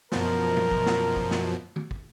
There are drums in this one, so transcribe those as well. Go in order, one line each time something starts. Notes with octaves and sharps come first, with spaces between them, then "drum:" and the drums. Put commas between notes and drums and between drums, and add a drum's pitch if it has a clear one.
F#2 B2 F3 A#4, drum: snare
drum: tom
drum: kick
drum: snare
drum: kick
drum: snare
drum: tom
drum: kick